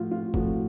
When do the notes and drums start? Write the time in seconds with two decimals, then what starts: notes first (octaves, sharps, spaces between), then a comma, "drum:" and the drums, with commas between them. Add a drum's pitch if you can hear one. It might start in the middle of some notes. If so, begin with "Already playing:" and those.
Already playing: A2 F3 F4 F#4
0.11 F4
0.34 A2 F3 F#4, drum: kick